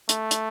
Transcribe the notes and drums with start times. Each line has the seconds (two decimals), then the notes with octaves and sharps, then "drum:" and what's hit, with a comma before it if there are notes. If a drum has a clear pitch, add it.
0.09 A3, drum: hi-hat
0.31 drum: hi-hat